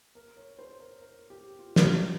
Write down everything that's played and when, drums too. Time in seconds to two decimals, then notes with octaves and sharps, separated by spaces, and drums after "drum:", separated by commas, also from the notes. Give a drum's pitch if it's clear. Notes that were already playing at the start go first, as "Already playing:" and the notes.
0.15 A#4
0.37 C#5
0.59 C5
0.80 A#4
1.01 A#4
1.30 G4
1.59 F4
1.76 F4, drum: snare
1.86 G4